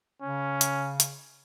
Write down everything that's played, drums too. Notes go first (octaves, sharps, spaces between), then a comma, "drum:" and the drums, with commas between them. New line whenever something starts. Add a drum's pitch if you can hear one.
C#3 C#4
drum: hi-hat
drum: hi-hat